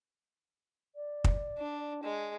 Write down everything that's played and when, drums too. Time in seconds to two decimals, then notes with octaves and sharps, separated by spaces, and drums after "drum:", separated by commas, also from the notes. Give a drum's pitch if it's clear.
0.95 D5
1.24 drum: kick
1.58 D4
2.03 G#3